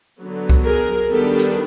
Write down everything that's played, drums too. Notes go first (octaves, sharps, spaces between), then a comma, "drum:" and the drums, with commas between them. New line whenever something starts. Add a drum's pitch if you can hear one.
D3 F#3 B3
drum: kick C2
G#4 A#4
D#3 G3 B3 D4 G4 A4
drum: hi-hat